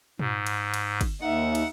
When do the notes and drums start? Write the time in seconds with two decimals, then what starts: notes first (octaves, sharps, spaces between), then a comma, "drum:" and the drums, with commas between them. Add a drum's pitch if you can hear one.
0.19 G#2, drum: tom A#2
0.47 drum: cymbal
0.74 drum: cymbal
1.01 drum: kick, cymbal
1.21 D#2 D#4 E5 F#5
1.55 drum: cymbal